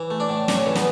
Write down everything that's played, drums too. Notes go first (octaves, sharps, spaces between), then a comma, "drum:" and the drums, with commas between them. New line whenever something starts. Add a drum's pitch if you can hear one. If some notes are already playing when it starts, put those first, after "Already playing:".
Already playing: E3
A3
D4 D5
A2
C#4 D4 C#5, drum: snare
E3 A4
B3 B4, drum: snare